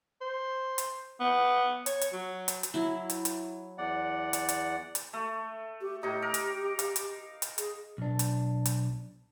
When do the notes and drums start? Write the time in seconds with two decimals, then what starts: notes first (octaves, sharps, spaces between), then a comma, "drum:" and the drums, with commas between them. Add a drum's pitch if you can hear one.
0.21 C5
0.78 drum: hi-hat
1.20 B3
1.86 C#5, drum: hi-hat
2.01 drum: hi-hat
2.13 F#3
2.48 drum: hi-hat
2.63 drum: hi-hat
2.74 F#3 E4
3.10 drum: hi-hat
3.25 drum: hi-hat
3.78 E2 D5 F#5
4.33 drum: hi-hat
4.49 drum: hi-hat
4.95 drum: hi-hat
5.13 A3
5.81 G4
6.03 A2 D#4 G4
6.22 A#4
6.34 drum: hi-hat
6.79 F5, drum: hi-hat
6.96 drum: hi-hat
7.42 drum: hi-hat
7.58 G#4, drum: hi-hat
7.98 B1 D4
8.19 drum: hi-hat
8.66 drum: hi-hat